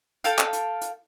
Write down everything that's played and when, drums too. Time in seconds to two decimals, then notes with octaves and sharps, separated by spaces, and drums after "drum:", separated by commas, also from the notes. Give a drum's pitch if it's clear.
0.24 A4 F5 G5, drum: hi-hat
0.39 drum: clap
0.53 drum: hi-hat
0.81 drum: hi-hat